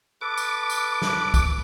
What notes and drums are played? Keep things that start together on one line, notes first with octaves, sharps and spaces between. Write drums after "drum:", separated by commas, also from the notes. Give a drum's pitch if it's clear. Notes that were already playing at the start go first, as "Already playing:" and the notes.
A4 B4 D6
drum: tambourine
drum: tambourine
drum: snare
drum: kick, tambourine